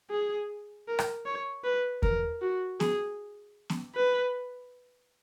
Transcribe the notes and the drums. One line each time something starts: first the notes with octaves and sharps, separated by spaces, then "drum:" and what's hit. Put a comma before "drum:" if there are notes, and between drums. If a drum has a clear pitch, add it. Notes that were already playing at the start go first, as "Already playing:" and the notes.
G#4
A#4
drum: rim click
C#5
B4
A#4, drum: kick E2
F#4
G#4, drum: snare B3
drum: snare B3
B4